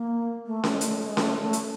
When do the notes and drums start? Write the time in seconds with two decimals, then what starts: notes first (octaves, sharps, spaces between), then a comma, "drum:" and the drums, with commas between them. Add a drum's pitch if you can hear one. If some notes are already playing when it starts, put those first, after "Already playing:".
Already playing: A#3
0.46 A3
0.64 drum: snare C#4
0.74 G#3
0.81 A3, drum: hi-hat
1.08 G#3
1.17 A3, drum: snare C#4
1.41 A3
1.53 drum: hi-hat